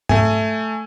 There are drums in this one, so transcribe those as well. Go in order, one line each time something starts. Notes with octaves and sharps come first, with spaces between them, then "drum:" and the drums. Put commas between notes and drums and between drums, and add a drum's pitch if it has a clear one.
A3 G#5, drum: tom